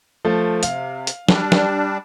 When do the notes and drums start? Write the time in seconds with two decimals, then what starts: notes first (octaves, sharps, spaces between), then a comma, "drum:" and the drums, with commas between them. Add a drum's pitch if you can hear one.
0.25 F3 A3
0.63 C3 F5, drum: hi-hat
1.07 drum: hi-hat
1.29 G3 D4, drum: snare
1.52 drum: snare